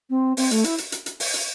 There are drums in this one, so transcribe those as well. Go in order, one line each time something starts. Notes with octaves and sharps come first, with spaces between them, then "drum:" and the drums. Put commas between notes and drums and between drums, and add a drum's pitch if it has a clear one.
C4
C4, drum: open hi-hat
A3, drum: hi-hat
E4, drum: hi-hat
drum: hi-hat
drum: hi-hat
drum: hi-hat
drum: open hi-hat
drum: hi-hat